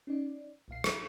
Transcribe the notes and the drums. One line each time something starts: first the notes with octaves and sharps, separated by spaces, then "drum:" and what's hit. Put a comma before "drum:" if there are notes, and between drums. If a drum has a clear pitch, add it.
C#4 D#4 D5
B1 A#2 F5 C7
G#1, drum: rim click